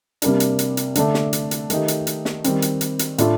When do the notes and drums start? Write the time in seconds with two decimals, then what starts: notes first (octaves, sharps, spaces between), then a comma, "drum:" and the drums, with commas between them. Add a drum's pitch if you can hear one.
0.22 C3 G3 A#3 D4, drum: hi-hat
0.40 drum: hi-hat
0.59 drum: hi-hat
0.77 drum: hi-hat
0.95 D3 A3 D4, drum: hi-hat
1.14 drum: snare
1.33 drum: hi-hat
1.51 drum: hi-hat
1.70 D#3 A3 D#4 G4, drum: hi-hat
1.88 drum: hi-hat
2.07 drum: hi-hat
2.25 drum: snare
2.44 D#3 G3 C4, drum: hi-hat
2.62 drum: hi-hat
2.81 drum: hi-hat
2.99 drum: hi-hat
3.18 A2 A3 D4 F4, drum: hi-hat